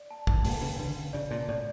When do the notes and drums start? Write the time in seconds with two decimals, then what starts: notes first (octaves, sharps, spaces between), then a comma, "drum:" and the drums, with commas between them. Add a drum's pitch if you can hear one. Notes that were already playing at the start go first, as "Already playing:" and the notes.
Already playing: D5
0.11 A5
0.27 G#2 A5, drum: kick
0.45 A#2 A5, drum: open hi-hat
0.62 C#3 B4
0.79 D3 B4
0.97 F5
1.13 C#3 D5
1.31 A#2 A5
1.48 A2 D5